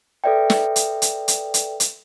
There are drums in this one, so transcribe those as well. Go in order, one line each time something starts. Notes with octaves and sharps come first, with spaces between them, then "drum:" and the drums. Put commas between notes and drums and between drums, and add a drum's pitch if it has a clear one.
A4 B4 D5 E5 G5
drum: snare
drum: hi-hat
drum: hi-hat
drum: hi-hat
drum: hi-hat
drum: hi-hat